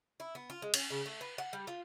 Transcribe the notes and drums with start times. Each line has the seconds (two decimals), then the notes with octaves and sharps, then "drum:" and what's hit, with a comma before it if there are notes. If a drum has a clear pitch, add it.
0.20 E4
0.35 B3
0.50 F4
0.62 G#3
0.74 C#4, drum: cymbal
0.90 C#3
1.06 A3
1.21 B4
1.38 F#5
1.53 G3
1.67 F4